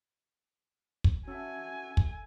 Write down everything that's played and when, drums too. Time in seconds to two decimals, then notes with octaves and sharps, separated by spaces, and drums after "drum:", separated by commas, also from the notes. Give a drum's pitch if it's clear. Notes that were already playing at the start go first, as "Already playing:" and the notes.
1.04 drum: kick
1.28 C#4 F#4 A4 E5 G#5
1.97 drum: kick